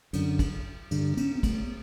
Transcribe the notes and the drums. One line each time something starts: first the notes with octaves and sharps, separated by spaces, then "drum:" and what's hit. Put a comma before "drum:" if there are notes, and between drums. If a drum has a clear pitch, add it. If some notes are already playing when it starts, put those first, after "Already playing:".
F#2 D3, drum: cymbal
drum: kick, cymbal
G2 D3, drum: cymbal
B3 C#4, drum: cymbal
C4
A3 B3, drum: kick, cymbal